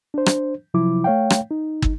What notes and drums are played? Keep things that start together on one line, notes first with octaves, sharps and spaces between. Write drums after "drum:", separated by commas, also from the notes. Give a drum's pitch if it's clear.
D4 C5
drum: rim click
C3 F3 F#3 E4 D6
A3 C#5 F5 G5
drum: rim click
D#4
drum: kick